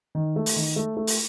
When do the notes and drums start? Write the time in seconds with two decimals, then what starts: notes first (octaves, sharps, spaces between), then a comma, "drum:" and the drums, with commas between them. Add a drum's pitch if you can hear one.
0.15 D#3
0.36 A3
0.46 drum: open hi-hat
0.56 D#3
0.76 A3
0.97 A3
1.07 drum: open hi-hat